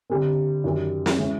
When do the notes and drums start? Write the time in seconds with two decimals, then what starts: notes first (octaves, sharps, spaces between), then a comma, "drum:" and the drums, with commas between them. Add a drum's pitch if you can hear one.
0.10 D3 G3 C4
0.64 F#2 D#3 G3
1.06 drum: snare
1.18 E3 G#3 C#4 E4